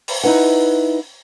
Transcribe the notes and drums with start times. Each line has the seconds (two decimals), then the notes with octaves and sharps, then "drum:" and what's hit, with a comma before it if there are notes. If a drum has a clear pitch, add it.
0.08 drum: open hi-hat
0.23 D#4 E4 B4 F#5